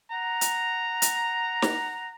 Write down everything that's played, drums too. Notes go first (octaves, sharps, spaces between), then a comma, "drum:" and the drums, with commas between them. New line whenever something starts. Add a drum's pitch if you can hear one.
F#5 A#5
drum: hi-hat
drum: hi-hat
drum: snare